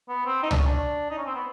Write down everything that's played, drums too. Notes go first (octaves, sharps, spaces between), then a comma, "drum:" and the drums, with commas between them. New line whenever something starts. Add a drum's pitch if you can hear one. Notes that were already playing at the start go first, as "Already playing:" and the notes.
B3
C4
D#4
D4, drum: tom
C#4
D4
D#4
C#4
C4
B3